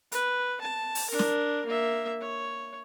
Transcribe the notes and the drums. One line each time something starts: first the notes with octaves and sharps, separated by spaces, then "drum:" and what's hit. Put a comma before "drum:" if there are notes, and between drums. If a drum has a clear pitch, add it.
B4, drum: hi-hat
A5
drum: open hi-hat
D4 A#4
drum: snare
A#3 E5
C#5